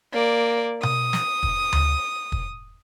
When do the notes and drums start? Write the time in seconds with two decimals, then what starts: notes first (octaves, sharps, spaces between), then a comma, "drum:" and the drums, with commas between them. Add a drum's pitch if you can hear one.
0.13 A#3 D5
0.83 D#6, drum: tom B2
1.13 drum: snare
1.43 drum: kick
1.73 drum: tom D2
2.32 drum: kick